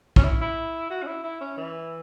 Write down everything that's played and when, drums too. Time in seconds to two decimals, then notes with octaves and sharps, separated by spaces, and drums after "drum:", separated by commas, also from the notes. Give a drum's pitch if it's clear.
0.16 C#4, drum: kick
0.24 E4
0.41 E4
0.90 F#4
1.03 C#4
1.07 E4
1.24 E4
1.41 C#4
1.57 E3